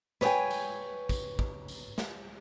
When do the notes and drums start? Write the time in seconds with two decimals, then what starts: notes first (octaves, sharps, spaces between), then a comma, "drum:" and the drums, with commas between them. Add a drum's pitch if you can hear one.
0.21 B4 C#5 D5 G5 G#5, drum: snare
0.51 drum: tambourine
1.09 drum: kick, tambourine
1.39 drum: kick
1.68 drum: tambourine
1.98 drum: snare